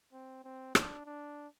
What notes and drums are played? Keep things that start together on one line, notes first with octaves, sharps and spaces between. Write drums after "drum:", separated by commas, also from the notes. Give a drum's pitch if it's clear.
C4
C4
D4, drum: rim click
D4